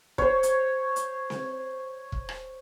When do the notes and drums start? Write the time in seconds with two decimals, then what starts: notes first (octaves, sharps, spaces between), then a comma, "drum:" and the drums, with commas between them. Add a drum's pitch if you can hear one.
0.18 C5 C#5, drum: kick
0.43 drum: hi-hat
0.96 drum: hi-hat
1.30 drum: snare C4
2.12 drum: kick
2.29 drum: rim click